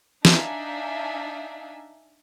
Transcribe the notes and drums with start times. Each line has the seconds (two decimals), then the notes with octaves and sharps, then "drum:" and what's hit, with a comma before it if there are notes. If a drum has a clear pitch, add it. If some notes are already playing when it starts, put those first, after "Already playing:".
0.25 D4 D#4 E5 F5 G#5, drum: snare